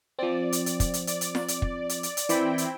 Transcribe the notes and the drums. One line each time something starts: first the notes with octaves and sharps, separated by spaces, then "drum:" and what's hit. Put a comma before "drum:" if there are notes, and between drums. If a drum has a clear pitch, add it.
F3 C4 D5
drum: hi-hat
drum: hi-hat
drum: kick, hi-hat
drum: hi-hat
D5, drum: hi-hat
drum: hi-hat
drum: snare
drum: hi-hat
drum: kick
drum: hi-hat
drum: hi-hat
drum: hi-hat
E3 C4 E4 D5 G5 B5, drum: hi-hat
drum: hi-hat